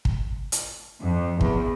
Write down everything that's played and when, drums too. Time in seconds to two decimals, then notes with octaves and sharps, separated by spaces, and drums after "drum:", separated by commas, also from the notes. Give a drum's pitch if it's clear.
0.05 drum: kick
0.52 drum: hi-hat
1.01 F2
1.41 E2, drum: kick